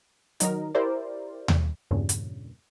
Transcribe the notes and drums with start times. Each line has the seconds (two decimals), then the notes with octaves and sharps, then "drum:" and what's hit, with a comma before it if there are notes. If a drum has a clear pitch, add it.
0.40 D#3 F#3 D#4 A#4, drum: hi-hat
0.75 E4 G4 A#4 C5 D5
1.48 drum: tom D#2
1.91 E2 G2 A#2 C#3
2.09 drum: hi-hat